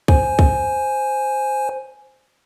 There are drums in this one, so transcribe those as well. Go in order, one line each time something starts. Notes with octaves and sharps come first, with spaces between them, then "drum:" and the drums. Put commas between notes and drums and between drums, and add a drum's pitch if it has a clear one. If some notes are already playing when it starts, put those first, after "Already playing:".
C5 G#5, drum: kick
drum: kick